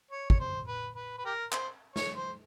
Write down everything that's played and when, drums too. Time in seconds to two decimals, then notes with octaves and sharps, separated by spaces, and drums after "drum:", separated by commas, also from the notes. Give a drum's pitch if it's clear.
0.11 C#5
0.30 C#5, drum: kick
0.40 C5
0.68 B4
0.96 B4
1.18 B4
1.25 G4 A#4
1.52 C5, drum: clap
1.96 C#5, drum: snare
2.16 C5